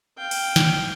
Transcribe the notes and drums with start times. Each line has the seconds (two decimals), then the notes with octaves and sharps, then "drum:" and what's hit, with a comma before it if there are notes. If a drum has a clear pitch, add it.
0.18 F5 G5
0.31 drum: cymbal
0.56 drum: snare